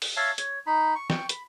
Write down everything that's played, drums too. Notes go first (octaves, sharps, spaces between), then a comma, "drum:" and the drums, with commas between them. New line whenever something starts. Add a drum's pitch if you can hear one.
drum: open hi-hat
C#5 E5 F5 A5
C#5, drum: hi-hat
D#4 B5
C#6
G5 C#6, drum: snare
B5, drum: hi-hat